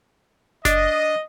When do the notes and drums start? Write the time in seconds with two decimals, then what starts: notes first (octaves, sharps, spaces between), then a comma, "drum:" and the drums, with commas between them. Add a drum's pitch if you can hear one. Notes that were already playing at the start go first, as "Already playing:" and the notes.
0.65 D4 D#5, drum: snare F#1